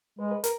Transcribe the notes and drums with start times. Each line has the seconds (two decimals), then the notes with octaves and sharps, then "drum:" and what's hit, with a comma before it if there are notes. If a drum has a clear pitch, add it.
0.19 G#3 B4
0.31 B4
0.44 A#4, drum: hi-hat